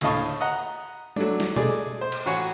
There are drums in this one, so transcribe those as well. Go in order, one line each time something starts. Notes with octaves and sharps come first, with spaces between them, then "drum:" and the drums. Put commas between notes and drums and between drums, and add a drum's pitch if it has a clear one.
D2 A2 D#5 F5 A5 C#6, drum: cymbal
D#5 F#5 A#5
F#3 A3 D4, drum: tom G3
drum: snare
G#3 A3 G#4 D5, drum: tom B2
C5
drum: cymbal
A1 F#4 C#5 G#5